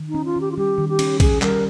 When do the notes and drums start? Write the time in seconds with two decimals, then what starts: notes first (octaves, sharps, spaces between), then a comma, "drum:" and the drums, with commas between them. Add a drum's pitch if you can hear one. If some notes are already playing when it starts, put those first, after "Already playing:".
Already playing: D#3
0.09 D#4
0.14 C#4
0.25 F4
0.36 D#3 G4
0.52 F4
0.57 G3 G4
0.78 D#3
0.89 G4
0.99 C#4, drum: cymbal
1.20 D#3 G#4, drum: kick, cymbal
1.42 G3 A#4, drum: clap